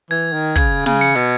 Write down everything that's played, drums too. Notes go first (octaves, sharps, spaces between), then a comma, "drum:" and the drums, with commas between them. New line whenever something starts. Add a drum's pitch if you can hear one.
E3 G#6
D#3
C#3 G#6, drum: kick, hi-hat
C#3, drum: snare
C#7
B2, drum: hi-hat